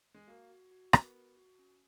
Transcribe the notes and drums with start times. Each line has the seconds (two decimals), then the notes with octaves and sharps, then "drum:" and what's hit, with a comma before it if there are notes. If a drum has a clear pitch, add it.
0.14 G#3
0.27 A#3 F#4
0.50 F#4
0.71 F#4
0.93 B3 A#4, drum: rim click
1.15 F#4
1.37 F#4
1.59 C#4